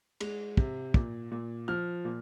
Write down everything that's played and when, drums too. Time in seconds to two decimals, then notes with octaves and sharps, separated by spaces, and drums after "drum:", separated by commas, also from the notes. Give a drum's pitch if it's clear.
0.20 G#3, drum: cymbal
0.57 C3, drum: kick
0.94 A#2, drum: kick
1.31 A#2
1.68 F3 F6
2.05 A#2